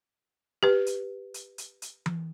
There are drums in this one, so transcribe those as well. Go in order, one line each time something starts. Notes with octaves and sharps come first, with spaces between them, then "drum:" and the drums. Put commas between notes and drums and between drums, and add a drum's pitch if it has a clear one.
G4 B4
drum: hi-hat
drum: hi-hat
drum: hi-hat
drum: hi-hat
drum: tom E3